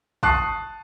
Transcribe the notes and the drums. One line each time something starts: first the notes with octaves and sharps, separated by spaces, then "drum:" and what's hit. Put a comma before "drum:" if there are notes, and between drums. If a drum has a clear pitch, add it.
A5 C#6 D#6 F#6 C7, drum: kick